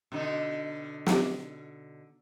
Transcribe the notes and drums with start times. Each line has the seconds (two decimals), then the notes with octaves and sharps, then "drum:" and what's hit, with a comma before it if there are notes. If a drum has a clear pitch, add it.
0.12 B2 D3 D#4
1.06 drum: snare